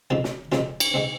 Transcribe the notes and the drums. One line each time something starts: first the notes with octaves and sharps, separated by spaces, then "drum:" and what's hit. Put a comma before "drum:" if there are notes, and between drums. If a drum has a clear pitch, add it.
F2 C#3 G#3 C4 F4
drum: snare
F2 C#3 G#3 C4 F4, drum: snare
drum: cymbal
C#3 G#3 C4